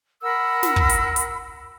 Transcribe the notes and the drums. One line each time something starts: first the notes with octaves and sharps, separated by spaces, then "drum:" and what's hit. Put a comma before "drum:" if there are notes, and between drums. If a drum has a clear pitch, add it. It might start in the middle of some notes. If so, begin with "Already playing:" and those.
A#4 F#5 B5 E6
drum: snare
drum: kick
drum: hi-hat
drum: hi-hat